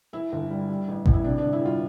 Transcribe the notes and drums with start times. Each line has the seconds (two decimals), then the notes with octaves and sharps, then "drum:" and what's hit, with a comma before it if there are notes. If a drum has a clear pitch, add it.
0.13 E3 E4
0.32 G1
0.50 G3
0.69 G3
0.88 A1
1.06 A1, drum: kick A1
1.14 E4
1.24 C3 D4
1.38 G1 D4
1.53 E4
1.61 G3 F4